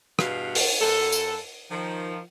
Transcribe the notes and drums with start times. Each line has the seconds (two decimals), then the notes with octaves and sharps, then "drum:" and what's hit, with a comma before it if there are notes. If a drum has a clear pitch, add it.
0.19 E2 G2 B2 F#4 F5, drum: rim click
0.55 drum: open hi-hat
0.81 F#2 A4
1.12 drum: tambourine
1.71 D#3 F3